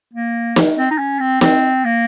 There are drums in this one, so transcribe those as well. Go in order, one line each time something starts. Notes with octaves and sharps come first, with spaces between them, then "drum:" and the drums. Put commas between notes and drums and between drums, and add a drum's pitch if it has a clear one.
A#3
drum: snare
C4
D#4
C#4
C4
C4, drum: snare
A#3